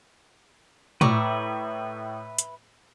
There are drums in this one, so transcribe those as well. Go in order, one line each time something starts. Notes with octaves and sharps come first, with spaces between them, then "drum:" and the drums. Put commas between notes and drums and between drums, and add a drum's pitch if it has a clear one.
A2 B4 D5 E5 A#5 C#6, drum: tom
drum: hi-hat